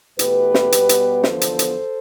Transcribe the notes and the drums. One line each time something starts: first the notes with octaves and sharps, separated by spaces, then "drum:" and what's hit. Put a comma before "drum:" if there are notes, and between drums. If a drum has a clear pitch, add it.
E2 B2 A3 G4 B4, drum: hi-hat
drum: snare
B2 G3 B3, drum: hi-hat
drum: hi-hat
E2 D3 F3 B3 A4 C5, drum: snare
drum: hi-hat
drum: hi-hat